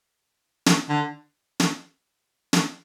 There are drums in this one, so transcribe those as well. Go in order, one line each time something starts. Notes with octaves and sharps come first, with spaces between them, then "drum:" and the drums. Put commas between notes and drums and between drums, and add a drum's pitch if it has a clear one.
drum: snare
D3
drum: snare
drum: snare